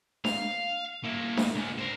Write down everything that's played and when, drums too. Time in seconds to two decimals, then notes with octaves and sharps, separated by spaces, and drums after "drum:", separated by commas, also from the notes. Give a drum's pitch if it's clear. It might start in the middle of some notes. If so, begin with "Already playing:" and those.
0.25 F5, drum: snare D4
1.04 A#3 E4
1.37 drum: snare D4
1.55 C#2
1.79 A#4 C5